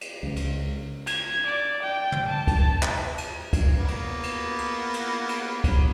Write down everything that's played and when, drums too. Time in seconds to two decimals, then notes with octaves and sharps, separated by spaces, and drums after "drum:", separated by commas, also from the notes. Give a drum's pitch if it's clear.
0.01 drum: cymbal
0.23 C#2
0.36 drum: cymbal
1.07 G#6, drum: cymbal
1.46 D5
1.82 G5
2.12 drum: tom
2.28 A5
2.47 drum: kick, cymbal
2.83 drum: clap
3.18 drum: cymbal
3.53 drum: kick, cymbal
3.78 A#3 B3
3.88 drum: cymbal
4.23 drum: cymbal
4.58 drum: cymbal
4.94 drum: cymbal
5.29 drum: cymbal
5.64 drum: kick, cymbal